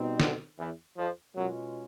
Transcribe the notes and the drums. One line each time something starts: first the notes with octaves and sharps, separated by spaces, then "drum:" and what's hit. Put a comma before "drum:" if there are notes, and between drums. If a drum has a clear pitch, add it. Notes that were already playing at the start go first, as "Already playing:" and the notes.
Already playing: B2 G3 C4 D#4
D2 D3, drum: snare
E2 E3
F2 F3
F#2 B2 F#3 G#3 C#4 F4